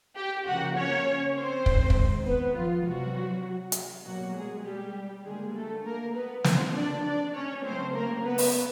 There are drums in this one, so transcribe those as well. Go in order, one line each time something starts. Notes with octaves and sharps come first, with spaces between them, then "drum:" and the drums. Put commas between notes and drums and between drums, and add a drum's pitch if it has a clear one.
G4 G5
C#3 F3 A#3 F#4 F#5
C#4 C#5
C4 C5
D#3 G#3, drum: kick
drum: kick
B3 B4
F3 F4
C3 E3 F#3 G3 F#4
drum: hi-hat
B2 F#3 G3 A#3 F#4
G#3 G#4
G3 G4
D3 G3 G#3 A#3 G#4
A3 A4
A#3 A#4
B3 B4
D3 F3 A3 C4 C5, drum: snare
D4 D5
D4 D5
C#4 C#5
C#3 F#3 A3 C4 C5
A#3 A#4
B3 B4
drum: open hi-hat